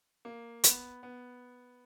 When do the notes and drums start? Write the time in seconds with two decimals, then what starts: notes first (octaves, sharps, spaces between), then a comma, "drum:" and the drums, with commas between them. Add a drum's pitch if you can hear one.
0.25 A#3
0.64 B3, drum: hi-hat
1.03 B3